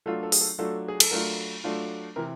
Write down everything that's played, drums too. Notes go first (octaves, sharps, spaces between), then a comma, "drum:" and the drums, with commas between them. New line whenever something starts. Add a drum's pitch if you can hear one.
F#3 A3 D4 F4 A4
A4
G#4, drum: open hi-hat
A4
F#3 A3 D4 F4 A4
G#4
A4, drum: cymbal
F#3 A3 D4 F4 A#4
F#3 A3 D4 F4
C3 E3 A#4